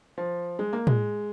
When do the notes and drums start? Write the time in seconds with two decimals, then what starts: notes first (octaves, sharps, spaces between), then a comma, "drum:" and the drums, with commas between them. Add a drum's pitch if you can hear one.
0.18 F3
0.59 G#3
0.73 A#3
0.87 G#3, drum: tom A2